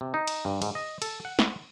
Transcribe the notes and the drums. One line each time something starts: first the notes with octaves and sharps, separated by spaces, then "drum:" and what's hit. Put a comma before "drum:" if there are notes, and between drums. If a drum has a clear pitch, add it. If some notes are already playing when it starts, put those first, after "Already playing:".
C3
D#4
drum: cymbal
G2
G#2, drum: cymbal
D#5
A4, drum: cymbal
F#5
drum: snare